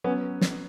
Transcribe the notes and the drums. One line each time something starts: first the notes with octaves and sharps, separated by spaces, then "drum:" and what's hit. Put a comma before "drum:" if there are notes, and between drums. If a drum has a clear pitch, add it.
F#3 B3 C#4
drum: snare